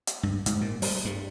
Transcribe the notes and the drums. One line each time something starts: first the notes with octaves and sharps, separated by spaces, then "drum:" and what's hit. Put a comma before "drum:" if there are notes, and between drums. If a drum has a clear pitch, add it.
drum: hi-hat
G2
G#2, drum: hi-hat
A#2
G3, drum: open hi-hat
G2